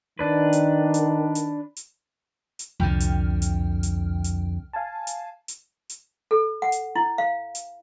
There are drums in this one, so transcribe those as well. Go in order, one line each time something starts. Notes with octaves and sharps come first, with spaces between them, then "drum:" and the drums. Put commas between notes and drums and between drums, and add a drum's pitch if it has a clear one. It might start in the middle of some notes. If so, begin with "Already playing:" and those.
D#3 D4 B4
drum: hi-hat
drum: hi-hat
drum: hi-hat
drum: hi-hat
drum: hi-hat
C2 F2 D3 G5 F6
drum: hi-hat
drum: hi-hat
drum: hi-hat
drum: hi-hat
F5 G#5 A5
drum: hi-hat
drum: hi-hat
drum: hi-hat
A4
F#5
drum: hi-hat
E4
F5
drum: hi-hat